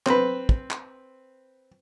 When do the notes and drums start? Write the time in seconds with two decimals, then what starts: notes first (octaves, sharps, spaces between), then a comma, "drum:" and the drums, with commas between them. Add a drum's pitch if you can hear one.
0.06 C4 B4, drum: clap
0.49 drum: kick
0.70 drum: clap